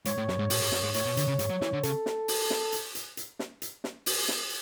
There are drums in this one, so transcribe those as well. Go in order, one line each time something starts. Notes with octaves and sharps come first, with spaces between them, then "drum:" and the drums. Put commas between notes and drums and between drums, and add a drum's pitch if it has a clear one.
G#2 C#5, drum: hi-hat
A2
F#2, drum: snare
G#2
A2, drum: open hi-hat
G#2
F#2, drum: snare
G#2
A2 C#5, drum: hi-hat
B2
D3, drum: hi-hat
C#3
G#2, drum: hi-hat
F#3
E3, drum: snare
D3
C#3 A4, drum: hi-hat
drum: snare
drum: open hi-hat
drum: snare
drum: hi-hat
drum: hi-hat
drum: hi-hat
drum: snare
drum: hi-hat
drum: snare
drum: open hi-hat
drum: snare